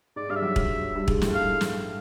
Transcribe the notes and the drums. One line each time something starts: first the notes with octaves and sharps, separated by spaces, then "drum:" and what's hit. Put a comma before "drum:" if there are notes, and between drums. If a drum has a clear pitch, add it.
G#2 G#3 D5
G2 G3 F5
E5
F#3
F#3, drum: kick
G2 G3
G#2 G#3, drum: kick
A2 A3, drum: snare
F5
drum: snare